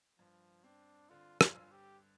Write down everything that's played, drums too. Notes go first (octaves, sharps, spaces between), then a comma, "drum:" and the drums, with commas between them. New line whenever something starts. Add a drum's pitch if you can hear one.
G2 F3
C4 D4
D3 F4
F4, drum: rim click
G2
G4